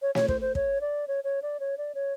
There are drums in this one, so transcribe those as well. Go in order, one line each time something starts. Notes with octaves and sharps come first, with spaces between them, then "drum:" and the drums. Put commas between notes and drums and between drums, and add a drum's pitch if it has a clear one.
C#5
C#5, drum: snare
C5, drum: kick
C5
C#5, drum: kick
D5
C#5
C#5
D5
C#5
D5
C#5